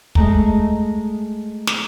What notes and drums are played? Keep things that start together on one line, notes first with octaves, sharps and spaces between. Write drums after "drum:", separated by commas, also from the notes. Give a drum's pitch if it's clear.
G#3 A3 A#5, drum: kick
drum: snare